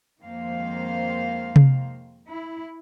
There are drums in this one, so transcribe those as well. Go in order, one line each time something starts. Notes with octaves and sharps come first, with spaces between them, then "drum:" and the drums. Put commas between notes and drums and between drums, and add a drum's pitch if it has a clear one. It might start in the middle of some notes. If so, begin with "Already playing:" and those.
F2 D#3 G#3 A#3 C5 F5
drum: tom C3
E4